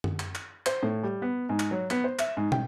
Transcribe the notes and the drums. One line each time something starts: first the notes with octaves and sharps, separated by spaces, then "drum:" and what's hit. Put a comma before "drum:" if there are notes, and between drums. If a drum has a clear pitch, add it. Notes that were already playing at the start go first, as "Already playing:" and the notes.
drum: tom F#2
drum: clap
drum: clap
C5, drum: clap
A2
G3
B3
G#2
drum: clap
F#3
B3, drum: clap
C5
E5, drum: clap
G#2
G5, drum: tom